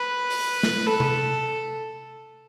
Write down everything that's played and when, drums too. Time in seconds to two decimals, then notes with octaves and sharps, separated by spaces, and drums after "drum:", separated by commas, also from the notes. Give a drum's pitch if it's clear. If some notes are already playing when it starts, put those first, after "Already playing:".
Already playing: B4
0.30 drum: open hi-hat
0.63 drum: snare
0.86 A4
1.00 drum: tom C3